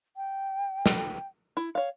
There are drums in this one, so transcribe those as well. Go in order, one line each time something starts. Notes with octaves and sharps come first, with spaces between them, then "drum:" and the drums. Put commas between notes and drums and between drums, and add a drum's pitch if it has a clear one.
G5
drum: snare
E4
C#5 F5